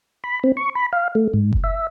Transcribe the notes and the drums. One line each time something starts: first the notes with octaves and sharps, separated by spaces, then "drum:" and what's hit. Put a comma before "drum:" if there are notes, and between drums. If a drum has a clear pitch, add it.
B5
C4
C#6
B5
F5
A3
G#2
drum: kick F#1
E5